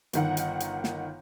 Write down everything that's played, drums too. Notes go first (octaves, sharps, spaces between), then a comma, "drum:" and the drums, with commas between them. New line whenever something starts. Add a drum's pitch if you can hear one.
G1 D#3 F#5, drum: hi-hat
drum: hi-hat
drum: hi-hat
drum: snare